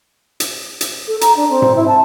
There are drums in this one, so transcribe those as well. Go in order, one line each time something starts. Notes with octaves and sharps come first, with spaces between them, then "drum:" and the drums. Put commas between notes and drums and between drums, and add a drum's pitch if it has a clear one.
drum: hi-hat
drum: hi-hat
A4
A#5, drum: hi-hat
D4
C4
drum: tom G#2
E4
A5